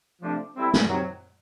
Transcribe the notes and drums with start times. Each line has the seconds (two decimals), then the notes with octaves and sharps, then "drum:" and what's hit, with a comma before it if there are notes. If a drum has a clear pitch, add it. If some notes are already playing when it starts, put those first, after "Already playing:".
0.22 C3 F3 A3 D4
0.55 G3 C4 E4 A4
0.74 drum: snare
0.88 C3 D#3 F#3